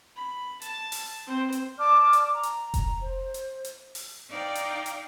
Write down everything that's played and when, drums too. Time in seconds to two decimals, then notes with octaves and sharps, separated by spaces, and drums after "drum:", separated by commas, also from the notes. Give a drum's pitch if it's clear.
0.16 B5
0.62 A5, drum: hi-hat
0.92 drum: open hi-hat
1.26 C4 C5
1.52 drum: hi-hat
1.78 D5 A5 D6 F6
2.13 drum: hi-hat
2.32 A#5
2.43 drum: hi-hat
2.74 drum: kick F1, hi-hat
3.00 C5
3.34 drum: hi-hat
3.65 drum: hi-hat
3.95 drum: open hi-hat
4.29 D#4 D5 F5 G5 A#5
4.55 drum: hi-hat
4.86 drum: hi-hat